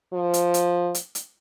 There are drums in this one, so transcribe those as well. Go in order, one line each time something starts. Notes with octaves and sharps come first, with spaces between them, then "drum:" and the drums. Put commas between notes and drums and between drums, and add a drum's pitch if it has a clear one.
F3
drum: hi-hat
drum: hi-hat
drum: hi-hat
drum: hi-hat